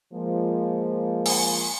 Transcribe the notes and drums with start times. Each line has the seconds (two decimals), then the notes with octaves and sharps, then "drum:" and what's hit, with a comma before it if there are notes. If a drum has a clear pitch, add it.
0.13 F3 G#3 A#3
1.26 drum: open hi-hat